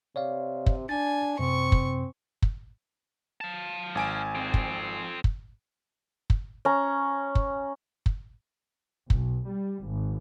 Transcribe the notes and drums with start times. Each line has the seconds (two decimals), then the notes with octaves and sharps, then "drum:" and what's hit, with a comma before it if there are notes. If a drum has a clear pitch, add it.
0.16 C3 C#5 D5 F5
0.66 drum: kick
0.89 D4 G#5 A6
1.39 F#2 C3 C4 C#6
1.72 drum: kick
2.42 drum: kick
3.41 F5 A5
3.95 G#1 G#5 D7
4.35 F2 C4
4.54 drum: kick
5.24 drum: kick
6.30 drum: kick
6.65 C#4 A#5
7.35 drum: kick
8.06 drum: kick
9.10 B1, drum: kick
9.47 G3
9.85 G#1